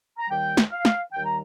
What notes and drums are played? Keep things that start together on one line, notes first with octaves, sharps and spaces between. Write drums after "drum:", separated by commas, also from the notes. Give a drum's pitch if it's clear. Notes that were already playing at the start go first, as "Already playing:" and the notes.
A#5
D#2 D#3 G3 G5
drum: snare
F5
drum: snare
D#2 D#3 G3 G5
A#5